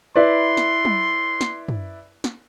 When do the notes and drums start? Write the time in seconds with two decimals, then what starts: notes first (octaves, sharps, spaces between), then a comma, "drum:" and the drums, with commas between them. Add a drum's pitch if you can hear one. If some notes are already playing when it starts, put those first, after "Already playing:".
0.16 E4 B4 D5 C6
0.57 drum: snare
0.85 drum: tom F#3
1.41 drum: snare
1.68 drum: tom
2.24 drum: snare